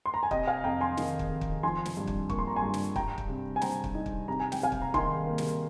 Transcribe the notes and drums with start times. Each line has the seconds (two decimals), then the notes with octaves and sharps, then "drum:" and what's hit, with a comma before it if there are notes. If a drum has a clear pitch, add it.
0.06 C6
0.14 A#5
0.23 G#5
0.31 C3 D#5 G5, drum: kick
0.48 F5 G#5
0.64 F2 G5 A#5
0.81 G#5 C6
0.97 D#3, drum: snare
1.19 drum: kick
1.31 F2
1.41 drum: kick
1.63 F3 G#5 C6
1.85 drum: snare
1.97 G2
2.08 drum: kick
2.30 A#3 C#6, drum: kick
2.39 C6
2.47 A#5
2.56 G#5 C6
2.62 G2
2.74 drum: snare
2.96 G3 G5 A#5, drum: kick
3.18 drum: kick
3.29 C3
3.56 G#5
3.62 C4 G5 A#5, drum: snare
3.84 drum: kick
3.95 D#4
4.06 drum: kick
4.28 C3 A#5
4.40 G#5
4.52 G5, drum: snare
4.61 C2 F5 G#5
4.72 drum: kick
4.82 A#5
4.94 D#3 G#5 C6, drum: kick
5.26 A#3
5.38 drum: snare